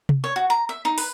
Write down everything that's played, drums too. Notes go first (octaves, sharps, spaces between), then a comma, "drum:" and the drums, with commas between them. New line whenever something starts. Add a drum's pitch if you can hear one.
drum: tom C3
C#5
F#4
A#5
E5
D#4
B4, drum: open hi-hat